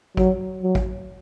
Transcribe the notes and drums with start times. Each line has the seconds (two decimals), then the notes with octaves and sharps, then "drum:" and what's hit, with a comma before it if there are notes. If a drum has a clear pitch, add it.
0.17 F#3, drum: kick
0.63 F#3
0.75 drum: kick